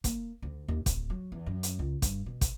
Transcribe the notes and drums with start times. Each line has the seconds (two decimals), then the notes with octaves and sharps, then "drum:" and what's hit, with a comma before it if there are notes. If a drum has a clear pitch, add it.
0.04 A#3, drum: kick, hi-hat
0.42 D2
0.68 D#2
0.86 D1, drum: kick, hi-hat
1.10 F#3
1.32 E2
1.46 F#2
1.63 drum: hi-hat
1.79 C#2
2.02 G2, drum: kick, hi-hat
2.26 B2
2.41 drum: kick, hi-hat